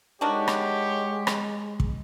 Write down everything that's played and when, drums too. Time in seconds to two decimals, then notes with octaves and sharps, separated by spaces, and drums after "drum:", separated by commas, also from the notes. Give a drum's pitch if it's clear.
0.21 D#3 G#3 D4 F#4 G4 C#5
0.48 drum: rim click
1.27 drum: rim click
1.80 drum: kick